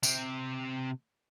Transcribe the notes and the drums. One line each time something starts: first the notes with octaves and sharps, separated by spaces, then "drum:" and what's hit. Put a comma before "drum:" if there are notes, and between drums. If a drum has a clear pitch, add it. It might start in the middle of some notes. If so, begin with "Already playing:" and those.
C3 C4, drum: tambourine